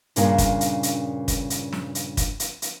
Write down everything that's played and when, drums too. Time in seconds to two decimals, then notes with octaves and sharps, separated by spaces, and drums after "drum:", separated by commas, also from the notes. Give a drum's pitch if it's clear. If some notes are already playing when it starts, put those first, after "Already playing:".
0.16 G2 A#2 C#3 D4 A#4, drum: hi-hat
0.38 drum: kick, hi-hat
0.61 drum: hi-hat
0.83 drum: hi-hat
1.28 drum: kick, hi-hat
1.50 drum: hi-hat
1.73 drum: snare
1.95 drum: hi-hat
2.17 drum: kick, hi-hat
2.40 drum: hi-hat
2.62 drum: hi-hat